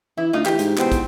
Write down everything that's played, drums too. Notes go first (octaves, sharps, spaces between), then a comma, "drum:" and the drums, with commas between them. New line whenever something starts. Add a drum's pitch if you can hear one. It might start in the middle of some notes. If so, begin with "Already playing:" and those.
E3 E4
D2 D#4 F4
E3 G4, drum: clap
G#2, drum: hi-hat
E2 G#2 B2 C4, drum: clap
drum: kick, hi-hat